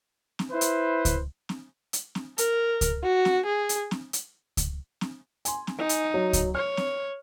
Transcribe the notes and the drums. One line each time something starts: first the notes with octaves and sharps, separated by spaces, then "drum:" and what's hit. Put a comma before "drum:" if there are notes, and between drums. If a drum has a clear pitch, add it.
drum: snare C4
E4 B4 C5
drum: hi-hat
drum: kick C#2, hi-hat
drum: snare C4
drum: hi-hat
drum: snare C4
A#4, drum: hi-hat
drum: kick C#2, hi-hat
F#4
drum: snare C4
G#4
drum: hi-hat
drum: snare C4
drum: hi-hat
drum: kick C#2, hi-hat
drum: snare C4
G#5 C6, drum: hi-hat
drum: snare C4
D#4
drum: hi-hat
F#3
drum: kick C#2, hi-hat
C#5 F6
drum: snare C4